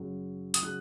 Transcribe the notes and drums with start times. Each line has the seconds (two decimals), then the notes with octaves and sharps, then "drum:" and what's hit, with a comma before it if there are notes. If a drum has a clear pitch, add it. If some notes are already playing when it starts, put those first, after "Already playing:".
Already playing: F#2 C#3 F#3
0.54 D#6, drum: hi-hat
0.62 C#3 F#3 F#6